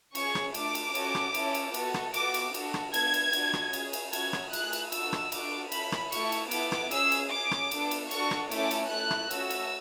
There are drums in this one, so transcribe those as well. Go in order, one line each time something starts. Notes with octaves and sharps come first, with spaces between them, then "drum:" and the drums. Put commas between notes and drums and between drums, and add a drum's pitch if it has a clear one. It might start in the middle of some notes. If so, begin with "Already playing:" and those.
C#4 G#4 C#6, drum: cymbal
drum: rim click
A3 D4 A4 D6, drum: cymbal
drum: cymbal
C#4 F#4 A4, drum: cymbal
drum: rim click
C#4 E4 A4, drum: cymbal
drum: cymbal
B3 F#4 A4, drum: cymbal
drum: rim click
B3 F#4 A4 D6, drum: cymbal
drum: cymbal
D4 F#4 A4, drum: cymbal
drum: rim click
B3 D4 A4 G#6, drum: cymbal
drum: cymbal
D4 F#4 A4, drum: cymbal
drum: rim click
C#4 G#4, drum: cymbal
drum: cymbal
C#4 F#4 A4 G#6, drum: cymbal
drum: rim click
A3 E4 G#4 F#6, drum: cymbal
drum: cymbal
D4 F#4 A4 E6, drum: cymbal
drum: rim click
D4 F#4 A4 D6, drum: cymbal
C#4 E4 A4 B5, drum: cymbal
drum: rim click
A3 E4 A4 C#6, drum: cymbal
drum: cymbal
B3 E4 A4 D6, drum: cymbal
drum: rim click
C#4 G#4 E6, drum: cymbal
drum: cymbal
C#4 G#4 D6
drum: rim click
B3 D4 A4, drum: cymbal
drum: cymbal
D4 F#4 A4 C#6, drum: cymbal
drum: rim click
A3 C#4 E4 A4 D6, drum: cymbal
drum: cymbal
A3 E4 A4 F#6
drum: rim click
A3 C#4 F#4 A4 E6, drum: cymbal
drum: cymbal